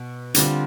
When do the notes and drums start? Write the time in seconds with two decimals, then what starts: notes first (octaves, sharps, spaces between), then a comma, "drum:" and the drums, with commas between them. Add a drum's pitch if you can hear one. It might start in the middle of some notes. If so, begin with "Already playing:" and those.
Already playing: B2
0.34 D3 G3 C4 F4, drum: hi-hat